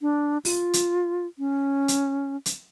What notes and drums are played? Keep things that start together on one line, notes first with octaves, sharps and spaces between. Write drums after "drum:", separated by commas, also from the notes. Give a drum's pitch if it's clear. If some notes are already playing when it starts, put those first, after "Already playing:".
D4
F4, drum: open hi-hat
drum: hi-hat
C#4
drum: hi-hat
drum: hi-hat